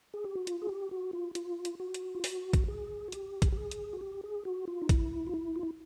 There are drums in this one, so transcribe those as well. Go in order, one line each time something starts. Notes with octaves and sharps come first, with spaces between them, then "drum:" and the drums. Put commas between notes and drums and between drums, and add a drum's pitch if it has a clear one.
G#4
G4
F#4
F4, drum: hi-hat
G#4
G4
F#4
F4
F4, drum: hi-hat
drum: hi-hat
F#4
drum: hi-hat
F4
F#4, drum: open hi-hat
drum: kick, hi-hat
G#4
F#4
G4, drum: hi-hat
drum: kick, hi-hat
G4
G#4
drum: hi-hat
F#4
G4
G#4
F#4
F4
D#4
E4, drum: kick, hi-hat
F4
E4
F4
E4